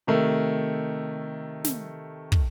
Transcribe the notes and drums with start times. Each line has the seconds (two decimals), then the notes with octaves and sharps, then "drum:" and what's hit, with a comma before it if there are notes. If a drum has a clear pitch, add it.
0.07 C3 D#3 A3
1.64 drum: snare
2.32 drum: kick